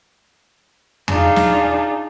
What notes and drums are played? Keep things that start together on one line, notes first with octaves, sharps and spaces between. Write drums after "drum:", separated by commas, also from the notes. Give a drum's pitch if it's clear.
D4 D#4 F4 G#4, drum: tom E2
drum: snare